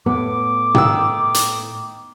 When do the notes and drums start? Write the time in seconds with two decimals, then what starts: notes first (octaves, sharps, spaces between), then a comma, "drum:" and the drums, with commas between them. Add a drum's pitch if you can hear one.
0.06 A2 B3 D6
0.75 D#3 E6, drum: tom
1.34 drum: hi-hat